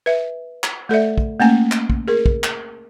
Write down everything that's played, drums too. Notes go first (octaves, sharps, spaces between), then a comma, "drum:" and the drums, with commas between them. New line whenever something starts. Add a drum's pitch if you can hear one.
B4 E5
drum: clap
A3 A4 D5 E5
drum: kick
A3 A#3 C#4 G#5
drum: clap
drum: kick
G#4 A#4
drum: kick
drum: clap